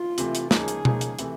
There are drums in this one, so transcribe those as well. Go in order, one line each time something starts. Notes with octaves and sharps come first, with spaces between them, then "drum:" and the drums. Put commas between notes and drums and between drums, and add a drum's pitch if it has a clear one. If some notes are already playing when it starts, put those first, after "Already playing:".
Already playing: F4
C3 E3 A3, drum: hi-hat
drum: hi-hat
C#3 F3 A#3 D#4 G#4, drum: snare
drum: hi-hat
C#3 F3 A#3 D#4, drum: tom B2
drum: hi-hat
C3 E3 A3, drum: hi-hat